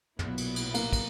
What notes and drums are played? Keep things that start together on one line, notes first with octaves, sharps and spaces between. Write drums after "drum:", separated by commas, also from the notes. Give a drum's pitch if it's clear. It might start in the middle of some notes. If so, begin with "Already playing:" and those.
B1 A#2 F#3 B3 E4, drum: tom
drum: cymbal
drum: cymbal
A#3, drum: cymbal
drum: kick, cymbal